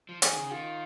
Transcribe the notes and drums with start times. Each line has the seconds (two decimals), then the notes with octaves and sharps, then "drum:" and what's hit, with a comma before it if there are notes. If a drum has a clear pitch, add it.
0.09 F3
0.22 D#3 G#4, drum: hi-hat
0.36 C#3
0.51 D#3 F4